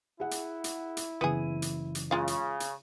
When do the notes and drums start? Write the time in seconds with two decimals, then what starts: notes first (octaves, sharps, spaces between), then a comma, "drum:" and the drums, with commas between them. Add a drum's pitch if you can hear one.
0.20 E4 G#4 F#5
0.31 drum: hi-hat
0.64 drum: hi-hat
0.97 drum: hi-hat
1.21 F#1 E3 B3 G#4 D#7
1.62 drum: hi-hat
1.95 drum: hi-hat
2.11 C#3 G#3 F4 F5
2.27 drum: hi-hat
2.60 drum: hi-hat